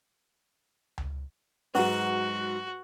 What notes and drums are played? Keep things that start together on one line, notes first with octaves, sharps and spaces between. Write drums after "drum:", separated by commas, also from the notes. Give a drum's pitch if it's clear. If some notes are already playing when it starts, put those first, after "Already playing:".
drum: tom C#2
G#2 F#3 F#4 B4 F#5 C#6, drum: open hi-hat